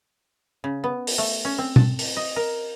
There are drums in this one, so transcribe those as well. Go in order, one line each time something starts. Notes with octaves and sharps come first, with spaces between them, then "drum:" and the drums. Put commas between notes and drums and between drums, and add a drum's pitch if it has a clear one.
C#3
B3
drum: open hi-hat
A3
C#4
C4
A5, drum: tom B2
drum: open hi-hat
D#5
A#4